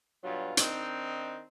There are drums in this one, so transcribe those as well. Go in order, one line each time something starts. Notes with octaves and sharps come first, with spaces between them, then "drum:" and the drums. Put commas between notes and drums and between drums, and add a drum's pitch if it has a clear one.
G2 B2 F#3 F4
D#3 C4 D4 D#4, drum: hi-hat